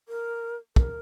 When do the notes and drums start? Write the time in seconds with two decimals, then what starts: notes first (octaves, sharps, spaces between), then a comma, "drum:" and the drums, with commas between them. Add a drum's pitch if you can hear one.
0.09 A#4
0.76 A#4, drum: kick